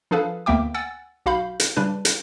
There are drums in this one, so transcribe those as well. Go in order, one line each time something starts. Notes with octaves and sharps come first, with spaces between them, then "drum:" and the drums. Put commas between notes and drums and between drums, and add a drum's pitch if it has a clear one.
F3 D4 G#4 A4 B4 F5
D2 A#3 B3 E5 G5 D6
F#5 G#5 E6 A6
B1 F#4 F5 B5 G6
drum: hi-hat
C#3 G3 D4 B4
drum: hi-hat